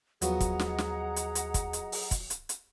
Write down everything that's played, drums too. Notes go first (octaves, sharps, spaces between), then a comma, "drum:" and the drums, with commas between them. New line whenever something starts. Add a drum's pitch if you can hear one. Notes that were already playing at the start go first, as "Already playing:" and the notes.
D#2 F3 F#3 B3 G#4 D#5 F#5 A#5, drum: hi-hat
drum: kick, hi-hat
drum: snare
drum: snare
drum: hi-hat
drum: hi-hat
drum: kick, hi-hat
drum: hi-hat
drum: open hi-hat
drum: kick, hi-hat
drum: hi-hat
drum: hi-hat